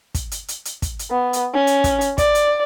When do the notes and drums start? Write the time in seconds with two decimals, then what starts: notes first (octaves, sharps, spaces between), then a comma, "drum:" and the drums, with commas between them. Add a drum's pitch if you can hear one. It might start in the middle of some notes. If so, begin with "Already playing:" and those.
0.15 drum: kick, hi-hat
0.31 drum: hi-hat
0.48 drum: hi-hat
0.65 drum: hi-hat
0.82 drum: kick, hi-hat
0.99 drum: hi-hat
1.10 B3
1.33 drum: hi-hat
1.54 C#4
1.67 drum: hi-hat
1.84 drum: kick, hi-hat
2.01 drum: hi-hat
2.18 D5, drum: kick, hi-hat
2.35 drum: hi-hat